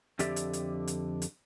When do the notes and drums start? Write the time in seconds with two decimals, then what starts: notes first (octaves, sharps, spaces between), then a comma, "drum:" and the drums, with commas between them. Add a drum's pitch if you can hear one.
0.19 F2 D3 G4 D5 E5, drum: hi-hat
0.36 drum: hi-hat
0.53 drum: hi-hat
0.87 drum: hi-hat
1.22 drum: hi-hat